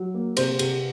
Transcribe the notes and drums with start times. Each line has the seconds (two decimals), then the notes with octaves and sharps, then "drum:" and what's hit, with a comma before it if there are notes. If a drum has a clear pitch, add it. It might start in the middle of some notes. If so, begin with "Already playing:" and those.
Already playing: F#3
0.14 A#3
0.37 C3 C5, drum: cymbal
0.59 C3, drum: cymbal